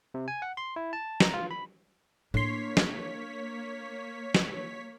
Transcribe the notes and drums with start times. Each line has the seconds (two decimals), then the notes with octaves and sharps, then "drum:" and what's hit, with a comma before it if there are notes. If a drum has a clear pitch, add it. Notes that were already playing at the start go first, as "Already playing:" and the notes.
0.14 C3
0.28 G#5
0.42 F#5
0.57 C6
0.76 E4
0.93 A5
1.20 A#5, drum: snare
1.34 F4
1.51 B5
2.34 A2 A#3 D4 C#5 C6 B6
2.77 drum: snare
4.35 drum: snare